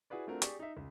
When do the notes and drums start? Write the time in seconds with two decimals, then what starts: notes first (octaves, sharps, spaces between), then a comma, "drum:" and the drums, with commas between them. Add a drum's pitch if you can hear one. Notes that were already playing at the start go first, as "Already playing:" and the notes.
0.10 E4 F#4 G#4 B4 D5
0.27 A3 C4 D4 F4 F#4 A#4
0.42 G4 G#4 D5 C#6, drum: hi-hat
0.59 D#4 E5
0.77 C#2